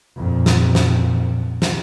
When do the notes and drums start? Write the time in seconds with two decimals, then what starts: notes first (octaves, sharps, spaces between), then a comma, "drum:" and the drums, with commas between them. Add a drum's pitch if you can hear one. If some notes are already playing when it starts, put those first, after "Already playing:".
0.17 F2 A#2
0.46 drum: snare
0.75 drum: snare
1.62 drum: snare